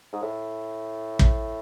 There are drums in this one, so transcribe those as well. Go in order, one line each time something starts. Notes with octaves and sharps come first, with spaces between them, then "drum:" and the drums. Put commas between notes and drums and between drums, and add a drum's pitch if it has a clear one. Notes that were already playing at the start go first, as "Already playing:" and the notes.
G#2
A2
drum: kick